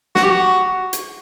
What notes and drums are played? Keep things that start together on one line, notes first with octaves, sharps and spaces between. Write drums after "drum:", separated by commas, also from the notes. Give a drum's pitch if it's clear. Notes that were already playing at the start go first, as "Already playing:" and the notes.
F#4, drum: snare
G4
F#4
drum: hi-hat